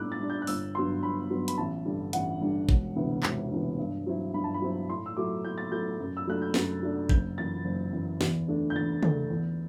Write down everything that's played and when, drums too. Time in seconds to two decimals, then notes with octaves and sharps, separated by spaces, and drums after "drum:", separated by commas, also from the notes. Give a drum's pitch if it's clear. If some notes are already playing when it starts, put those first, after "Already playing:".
Already playing: A2 G3 D4 D6 E6 F#6
0.12 A6
0.20 G3 D4
0.30 G6
0.42 F#6
0.47 G1 E6, drum: open hi-hat
0.75 G2 F#3 B3 C6
1.03 G1 B5
1.30 G2 F#3 B3
1.48 B5, drum: hi-hat
1.58 A1 A5
1.85 G2 D3 G3
2.13 A1 F#5, drum: hi-hat
2.41 G2 D3 G3
2.69 E1, drum: kick G1
2.96 D2 C3 E3 B3
3.23 E1, drum: clap
3.51 D2 C3 E3 B3
3.78 G2
4.06 F#3 C4 E4
4.34 G2 B5
4.44 A5
4.54 B5
4.62 F#3 C4 E4
4.90 A2 C6
5.06 E6
5.17 F#3 A3 E4 D6
5.45 A2 G6
5.58 A6
5.72 F#3 A3 E4 G6
6.00 F#2
6.17 E6
6.27 F#3 A3 D4 F#6
6.42 G6
6.54 F#2 A6, drum: snare
6.82 F#3 A3 D4
7.09 F#1 G6, drum: kick G1
7.38 F#2 E3 A6
7.65 F#1
7.93 F#2 E3
8.21 E2, drum: snare
8.48 D3 A3 D4
8.70 G6
8.75 E2 A6
9.03 D3 A3 D4, drum: tom
9.30 E2